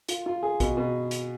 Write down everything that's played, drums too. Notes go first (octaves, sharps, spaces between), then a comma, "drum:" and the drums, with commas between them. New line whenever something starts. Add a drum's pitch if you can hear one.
F4, drum: hi-hat
F4
G#4
B2, drum: kick A#1, hi-hat
B2
drum: hi-hat